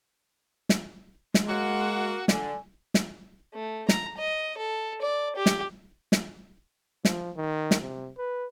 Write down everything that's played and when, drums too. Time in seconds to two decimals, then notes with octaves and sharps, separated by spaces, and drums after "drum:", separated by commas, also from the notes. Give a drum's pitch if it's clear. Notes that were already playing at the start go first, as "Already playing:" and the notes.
0.69 drum: snare
1.34 G#3, drum: snare
1.48 A#3 F#4
2.28 D3 G#5, drum: snare
2.94 drum: snare
3.55 A3
3.89 A#5, drum: snare
4.18 D#5
4.58 A4
5.02 D5
5.36 G4
5.46 drum: snare
6.12 drum: snare
7.05 F3, drum: snare
7.36 D#3
7.71 drum: snare
7.81 C3
8.18 B4